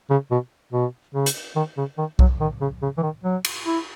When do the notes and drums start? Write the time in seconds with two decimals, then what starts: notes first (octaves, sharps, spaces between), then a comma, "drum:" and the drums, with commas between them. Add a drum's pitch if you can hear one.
0.10 C#3
0.31 B2
0.73 B2
1.14 C#3
1.26 drum: hi-hat
1.56 D#3
1.77 C#3
1.98 D#3
2.19 F#3, drum: kick B1
2.40 D#3
2.61 C#3
2.82 C#3
2.98 E3
3.03 D#3
3.23 F#3
3.45 drum: cymbal
3.66 E4